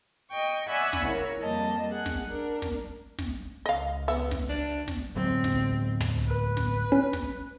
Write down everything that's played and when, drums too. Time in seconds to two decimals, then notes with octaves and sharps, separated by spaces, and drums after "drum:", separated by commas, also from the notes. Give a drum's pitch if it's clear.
0.30 D#5 G5 C#6
0.68 D5 E5 F#5 G#5 B5 C#6
0.93 drum: snare
1.04 C#3 E4 A#4 C#5
1.41 F2 G3 A#3 A#4 D#5 A5
1.91 G#4 F#5 F#6
2.06 drum: snare
2.28 D4 A#4
2.62 drum: snare
3.19 drum: snare
3.66 C#2 D#5 F5
4.08 B3 E5
4.31 drum: snare
4.49 D4
4.88 drum: snare
5.16 D1 F#3 G#3 C4
5.44 drum: snare
6.00 drum: tom
6.27 B4
6.57 drum: snare
6.92 C#4
7.13 drum: snare